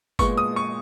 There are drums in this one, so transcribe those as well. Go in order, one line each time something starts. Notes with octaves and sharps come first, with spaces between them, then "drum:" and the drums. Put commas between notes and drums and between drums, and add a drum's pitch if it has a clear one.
A#2 G#3 B3 C#6, drum: kick G1, tambourine
D#6
C#6